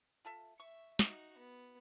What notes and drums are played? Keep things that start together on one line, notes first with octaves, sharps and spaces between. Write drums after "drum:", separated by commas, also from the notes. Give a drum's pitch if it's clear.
F4 A4 E5
E5 C#6
D#4 F#4, drum: snare
B3